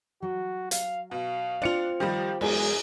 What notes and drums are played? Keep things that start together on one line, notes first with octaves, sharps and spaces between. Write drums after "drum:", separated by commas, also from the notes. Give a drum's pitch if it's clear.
F#3 F#4
F5, drum: hi-hat
B2 F5
C4 D4 F4 C#7 F7
D#3 F3 G3 G4
E2 F#3 G#3 G#4, drum: cymbal